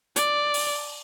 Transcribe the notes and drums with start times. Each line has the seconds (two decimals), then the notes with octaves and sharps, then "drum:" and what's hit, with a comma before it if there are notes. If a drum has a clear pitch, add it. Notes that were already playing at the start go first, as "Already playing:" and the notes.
0.16 D5, drum: hi-hat
0.54 drum: open hi-hat